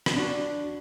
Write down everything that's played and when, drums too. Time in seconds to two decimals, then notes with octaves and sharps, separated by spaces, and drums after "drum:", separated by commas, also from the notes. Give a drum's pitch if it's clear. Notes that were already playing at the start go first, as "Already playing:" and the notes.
0.06 drum: rim click
0.16 D4 F#4